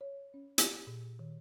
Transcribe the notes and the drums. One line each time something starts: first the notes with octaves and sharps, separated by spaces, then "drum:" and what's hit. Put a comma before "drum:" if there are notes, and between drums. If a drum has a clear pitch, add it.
C#5
C#4
G4, drum: hi-hat
A#2
D#3